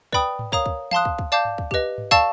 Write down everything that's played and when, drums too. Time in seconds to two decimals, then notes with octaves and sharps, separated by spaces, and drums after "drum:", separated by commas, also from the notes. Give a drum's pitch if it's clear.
0.12 B4 D5 G5 B5 D#6, drum: kick
0.39 drum: tom G#2
0.52 A#4 C#5 F5 A#5 D#6, drum: kick
0.66 drum: kick
0.91 F5 A5 C6 D#6 F#6, drum: tom E3
1.05 drum: kick
1.19 drum: kick
1.32 D5 F5 A5 D6 G6
1.45 drum: tom G2
1.58 drum: kick
1.71 G4 B4 D#5, drum: kick
1.98 drum: tom G#2
2.11 D5 F5 A5 C#6 E6, drum: kick